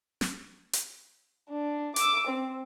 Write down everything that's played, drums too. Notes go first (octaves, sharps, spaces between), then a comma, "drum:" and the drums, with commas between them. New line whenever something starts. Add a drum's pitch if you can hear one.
drum: snare
drum: hi-hat
D4
D6 E6, drum: hi-hat
C4